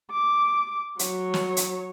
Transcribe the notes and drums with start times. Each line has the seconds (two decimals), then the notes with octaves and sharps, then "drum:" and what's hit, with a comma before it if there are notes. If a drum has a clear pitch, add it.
0.11 D6
0.99 F#3 C#5, drum: hi-hat
1.34 drum: snare
1.57 drum: hi-hat